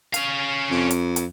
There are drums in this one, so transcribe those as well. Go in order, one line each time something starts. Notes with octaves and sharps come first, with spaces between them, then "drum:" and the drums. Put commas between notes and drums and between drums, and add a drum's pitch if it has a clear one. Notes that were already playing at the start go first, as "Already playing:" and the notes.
C#4 F5, drum: hi-hat
F2
drum: hi-hat
drum: hi-hat